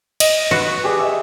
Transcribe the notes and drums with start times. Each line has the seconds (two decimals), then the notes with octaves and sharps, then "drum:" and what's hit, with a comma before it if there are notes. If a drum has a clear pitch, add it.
0.20 D#5, drum: cymbal
0.51 F#4 B4
0.84 G4 G#4 D5
0.99 D#5 E5